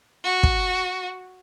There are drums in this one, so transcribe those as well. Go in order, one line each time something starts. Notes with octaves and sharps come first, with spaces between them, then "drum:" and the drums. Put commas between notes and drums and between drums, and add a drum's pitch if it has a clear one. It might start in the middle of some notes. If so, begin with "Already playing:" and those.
F#4
drum: kick